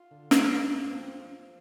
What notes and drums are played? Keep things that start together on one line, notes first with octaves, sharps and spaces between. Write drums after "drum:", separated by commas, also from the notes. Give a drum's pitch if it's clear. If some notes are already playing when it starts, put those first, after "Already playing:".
Already playing: F4
D3
G2, drum: snare
G2
F3
C4
F3
F3